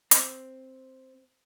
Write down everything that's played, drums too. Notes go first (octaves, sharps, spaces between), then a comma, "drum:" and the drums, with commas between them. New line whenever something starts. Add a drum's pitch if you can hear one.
C4, drum: hi-hat